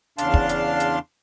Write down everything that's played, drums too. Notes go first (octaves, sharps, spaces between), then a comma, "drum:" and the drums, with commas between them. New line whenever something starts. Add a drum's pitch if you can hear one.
E2 C#3 D4 F5 A5 C6, drum: hi-hat
drum: kick
drum: hi-hat
drum: hi-hat